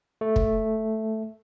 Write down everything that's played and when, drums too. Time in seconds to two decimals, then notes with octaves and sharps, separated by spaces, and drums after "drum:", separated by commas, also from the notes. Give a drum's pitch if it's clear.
0.21 A3
0.36 drum: kick